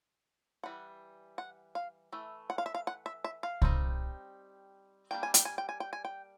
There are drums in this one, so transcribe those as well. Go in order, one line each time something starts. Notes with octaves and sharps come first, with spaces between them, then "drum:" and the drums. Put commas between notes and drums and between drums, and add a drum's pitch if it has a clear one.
E3 G3 F#5
F#5
F5
E3 A3
F#5
F5
E5
F5
F#5
E5
E5
F5
G3 C4 D#4, drum: kick C2
G3 A#3 D4 G5
G#5
G5, drum: hi-hat
G#5
G5
G#5
G5
G#5
G5